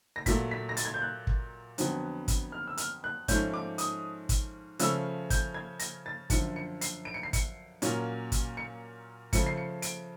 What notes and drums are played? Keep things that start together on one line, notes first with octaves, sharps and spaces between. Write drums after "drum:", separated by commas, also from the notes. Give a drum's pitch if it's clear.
A#6
A#2 F#3 A3 B6, drum: kick, hi-hat
B6
A#6
A6, drum: hi-hat
G#6
G6
F#6
drum: kick
F2 D3 F#3 B3, drum: hi-hat
drum: kick, hi-hat
F6
E6
F6, drum: hi-hat
F#6
G#2 F3 A3 C#4 G6, drum: kick, hi-hat
D6
D#6, drum: hi-hat
drum: kick, hi-hat
C#3 F3 A3 C#4 E6, drum: hi-hat
G6, drum: kick, hi-hat
G#6
A#6, drum: hi-hat
A6
F#2 D3 F3 C#7, drum: kick, hi-hat
C#7
C7, drum: hi-hat
D7
C#7
C7
C#7, drum: kick, hi-hat
A#2 F#3 A#3 C#4, drum: hi-hat
drum: kick, hi-hat
C#7
C#3 F3 A3 C#7, drum: kick, hi-hat
C7
C#7
D7, drum: hi-hat